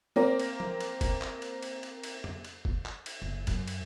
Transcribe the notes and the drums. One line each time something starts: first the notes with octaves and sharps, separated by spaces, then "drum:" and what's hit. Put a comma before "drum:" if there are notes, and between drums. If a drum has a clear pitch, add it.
A#3 C4 A#4
drum: cymbal
drum: tom F3
drum: cymbal
drum: kick, cymbal
drum: clap
drum: cymbal
drum: cymbal
drum: cymbal
drum: cymbal
drum: tom F2
drum: cymbal
drum: kick
drum: clap
drum: cymbal
F#1
F#2, drum: cymbal
drum: cymbal